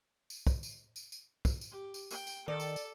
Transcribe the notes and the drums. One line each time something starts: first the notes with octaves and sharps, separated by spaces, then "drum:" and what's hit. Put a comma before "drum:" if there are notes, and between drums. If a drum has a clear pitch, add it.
drum: tambourine
drum: kick, tambourine
drum: tambourine
drum: tambourine
drum: tambourine
drum: kick, tambourine
drum: tambourine
G4
drum: tambourine
G5, drum: tambourine
drum: tambourine
D#3 A4 D5
drum: tambourine
drum: tambourine